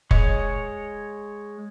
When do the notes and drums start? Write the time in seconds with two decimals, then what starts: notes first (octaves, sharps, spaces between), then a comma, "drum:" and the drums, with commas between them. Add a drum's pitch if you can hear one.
0.11 G#3 C#5, drum: kick F1